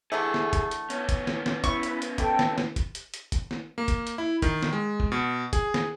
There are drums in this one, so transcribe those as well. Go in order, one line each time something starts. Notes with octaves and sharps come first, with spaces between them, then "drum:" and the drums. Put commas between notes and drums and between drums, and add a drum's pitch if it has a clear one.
D3 E3 A3 G#4 A4
drum: snare
drum: kick F1, hi-hat
drum: hi-hat
B3 C#4, drum: hi-hat
drum: kick F1, hi-hat
drum: snare
drum: snare
E4 B4 C#6, drum: kick F1, hi-hat
drum: hi-hat
drum: hi-hat
B2 A4 G5, drum: kick F1, hi-hat
drum: snare
drum: snare
drum: kick F1, hi-hat
drum: hi-hat
drum: hi-hat
drum: kick F1, hi-hat
drum: snare
A#3
drum: kick F1, hi-hat
drum: hi-hat
E4
D#3, drum: kick F1, hi-hat
drum: snare
G#3
drum: kick F1
B2
G#4, drum: kick F1, hi-hat
drum: snare